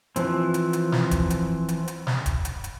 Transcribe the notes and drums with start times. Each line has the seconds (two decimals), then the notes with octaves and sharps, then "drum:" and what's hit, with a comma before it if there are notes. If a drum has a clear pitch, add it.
0.16 E3 F3 C4, drum: hi-hat
0.54 drum: hi-hat
0.73 drum: hi-hat
0.92 drum: snare
1.11 drum: kick, hi-hat
1.30 drum: hi-hat
1.69 drum: hi-hat
1.88 drum: hi-hat
2.07 drum: snare
2.26 drum: kick, hi-hat
2.45 drum: hi-hat
2.64 drum: hi-hat